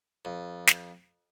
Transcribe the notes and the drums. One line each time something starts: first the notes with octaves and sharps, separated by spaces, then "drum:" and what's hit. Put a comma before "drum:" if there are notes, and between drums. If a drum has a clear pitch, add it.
F2
drum: snare